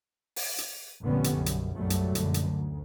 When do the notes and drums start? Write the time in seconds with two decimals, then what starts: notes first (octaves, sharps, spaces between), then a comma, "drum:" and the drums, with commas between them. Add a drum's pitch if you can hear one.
0.36 drum: open hi-hat
0.58 drum: hi-hat
1.02 F1 A#2 D3 G3 B3 C#4
1.24 drum: hi-hat
1.34 B1 F#2
1.46 drum: hi-hat
1.76 B1 F#2 B2 F#3 G3 A3
1.90 drum: hi-hat
2.15 A#1 F#2 D3, drum: hi-hat
2.34 drum: hi-hat
2.51 D2